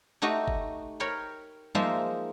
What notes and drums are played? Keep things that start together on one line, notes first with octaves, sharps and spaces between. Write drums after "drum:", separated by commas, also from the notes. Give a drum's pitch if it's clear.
A3 D#4 F#4 G4 D#5
drum: kick G1
A#4 C#5 G5 B5
F3 G#3 A#3 D#4 C5 E5, drum: tom F#3